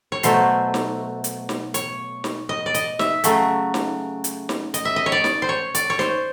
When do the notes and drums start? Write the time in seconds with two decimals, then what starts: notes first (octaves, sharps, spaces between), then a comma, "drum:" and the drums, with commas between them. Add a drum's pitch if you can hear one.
0.12 C#5
0.23 B2 F#3 A3 C5, drum: hi-hat
0.74 drum: snare
1.24 drum: hi-hat
1.49 drum: snare
1.74 C#5, drum: hi-hat
2.24 drum: snare
2.49 D#5
2.66 D5
2.74 D#5, drum: hi-hat
2.99 E5, drum: snare
3.24 C#3 F#3 A3, drum: hi-hat
3.74 drum: snare
4.24 drum: hi-hat
4.49 drum: snare
4.74 D#5, drum: hi-hat
4.85 E5
4.96 D#5
5.06 C#5
5.12 D5
5.24 drum: snare
5.42 C5
5.49 C#5
5.75 D5, drum: hi-hat
5.90 C#5
5.99 C5, drum: snare